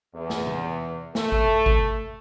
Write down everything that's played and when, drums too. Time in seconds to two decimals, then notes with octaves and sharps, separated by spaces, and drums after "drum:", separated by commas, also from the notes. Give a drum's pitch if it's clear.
0.15 E2
0.30 drum: snare
0.47 drum: tom C3
1.15 A3, drum: snare
1.32 drum: kick G#1
1.66 drum: kick G#1